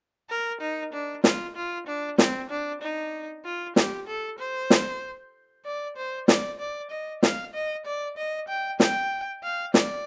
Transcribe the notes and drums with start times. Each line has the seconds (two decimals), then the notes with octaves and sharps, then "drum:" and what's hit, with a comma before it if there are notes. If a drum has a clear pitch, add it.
0.30 A#4
0.61 D#4
0.93 D4
1.24 F4, drum: snare
1.56 F4
1.87 D4
2.18 C4, drum: snare
2.50 D4
2.82 D#4
3.45 F4
3.76 G4, drum: snare
4.07 A4
4.39 C5
4.70 drum: snare
5.65 D5
5.96 C5
6.28 D5, drum: snare
6.59 D5
6.91 D#5
7.23 F5, drum: snare
7.54 D#5
7.85 D5
8.17 D#5
8.48 G5
8.80 G5, drum: snare
9.43 F5
9.74 D5, drum: snare